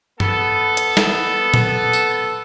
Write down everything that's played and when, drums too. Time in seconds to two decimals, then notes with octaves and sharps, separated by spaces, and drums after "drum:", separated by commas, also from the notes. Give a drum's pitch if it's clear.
0.20 B3 A4, drum: tom G2
0.77 drum: hi-hat
0.97 drum: snare
1.54 drum: tom A#2
1.93 drum: tambourine